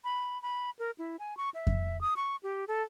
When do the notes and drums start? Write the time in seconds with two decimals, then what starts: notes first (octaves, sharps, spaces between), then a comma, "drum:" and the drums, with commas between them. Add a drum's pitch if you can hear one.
0.04 B5
0.42 B5
0.79 A#4
0.98 E4
1.19 G#5
1.37 C#6
1.54 E5
1.67 drum: kick F2
2.01 D#6
2.16 C#6
2.43 G4
2.68 A4